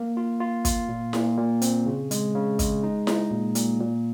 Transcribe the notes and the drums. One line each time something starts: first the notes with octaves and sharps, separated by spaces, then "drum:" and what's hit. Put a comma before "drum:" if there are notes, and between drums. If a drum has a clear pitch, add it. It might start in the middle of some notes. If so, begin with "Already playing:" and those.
Already playing: A#3
F4
F4
F4, drum: kick, hi-hat
A#2
A#2, drum: snare E4
A#2
C4, drum: hi-hat
C#3
G#3, drum: hi-hat
C#3
G#3, drum: kick, hi-hat
D#4
D#4, drum: snare E4
A#2
A#2, drum: hi-hat
A#2